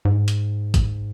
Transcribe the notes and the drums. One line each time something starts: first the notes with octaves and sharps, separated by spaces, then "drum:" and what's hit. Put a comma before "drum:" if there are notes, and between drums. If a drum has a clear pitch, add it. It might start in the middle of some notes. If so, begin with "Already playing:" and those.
G#2
drum: hi-hat
drum: kick, hi-hat